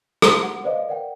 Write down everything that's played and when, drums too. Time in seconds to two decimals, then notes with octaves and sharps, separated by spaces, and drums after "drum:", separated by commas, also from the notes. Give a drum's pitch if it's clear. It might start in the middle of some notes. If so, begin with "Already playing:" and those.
0.22 A5 A#5 C6 D#6, drum: rim click
0.43 F#5
0.64 B4 C5 D5 D#5 F5
0.87 A#4 D5 F#5 G5